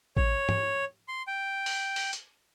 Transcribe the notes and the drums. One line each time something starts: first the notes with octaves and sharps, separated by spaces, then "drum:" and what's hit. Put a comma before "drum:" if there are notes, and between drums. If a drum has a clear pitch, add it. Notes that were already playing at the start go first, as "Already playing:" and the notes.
C#5, drum: kick A1
drum: tom
C6
G5
drum: open hi-hat
drum: open hi-hat
drum: hi-hat